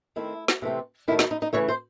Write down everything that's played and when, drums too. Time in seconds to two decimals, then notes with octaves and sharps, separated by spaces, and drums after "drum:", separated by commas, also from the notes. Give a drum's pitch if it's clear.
0.16 D#3 A3 C4 E4
0.48 drum: snare
0.62 C3 E3 A3 C4
1.08 D#3 F#3 A3 E4
1.19 D#4, drum: snare
1.31 D#4
1.42 D#4
1.53 C#3 E3 A3 C#5
1.69 C5